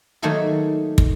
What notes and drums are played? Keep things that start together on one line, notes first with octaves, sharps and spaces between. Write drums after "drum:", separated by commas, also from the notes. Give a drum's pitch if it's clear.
D#3 F#3 A3 A#3 G#4 A4
drum: kick